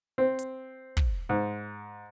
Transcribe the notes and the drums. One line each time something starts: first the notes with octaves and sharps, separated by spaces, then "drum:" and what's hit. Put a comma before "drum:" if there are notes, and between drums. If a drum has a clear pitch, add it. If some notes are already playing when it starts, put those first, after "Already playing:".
C4
drum: hi-hat
drum: kick
G#2